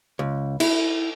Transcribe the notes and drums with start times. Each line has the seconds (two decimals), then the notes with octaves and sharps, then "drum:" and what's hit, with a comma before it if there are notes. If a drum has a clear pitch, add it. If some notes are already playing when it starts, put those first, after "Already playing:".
0.19 C#2
0.60 E4, drum: cymbal